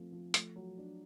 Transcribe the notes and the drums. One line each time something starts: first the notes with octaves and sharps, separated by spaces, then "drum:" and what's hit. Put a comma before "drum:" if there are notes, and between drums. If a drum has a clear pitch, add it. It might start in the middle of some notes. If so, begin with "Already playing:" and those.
Already playing: F3 A3 C4
F3
A3, drum: hi-hat
F#3
D4